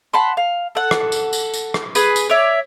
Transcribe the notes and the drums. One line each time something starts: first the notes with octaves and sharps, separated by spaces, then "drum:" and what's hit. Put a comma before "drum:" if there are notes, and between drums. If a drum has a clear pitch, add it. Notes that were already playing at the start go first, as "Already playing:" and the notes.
F#5 A5 B5 C6
F5
A4 F#5
drum: rim click
drum: tambourine
drum: tambourine
drum: tambourine
drum: rim click
G#4 B4, drum: tambourine
drum: tambourine
C#5 D5 E5